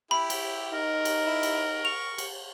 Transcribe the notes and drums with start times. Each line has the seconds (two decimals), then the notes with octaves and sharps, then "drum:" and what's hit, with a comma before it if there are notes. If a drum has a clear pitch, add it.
0.11 E4 G4 B5
0.30 drum: cymbal
0.73 D#4 A#4
1.05 drum: cymbal
1.26 E4
1.43 drum: cymbal
1.85 C#6 F7
2.18 drum: cymbal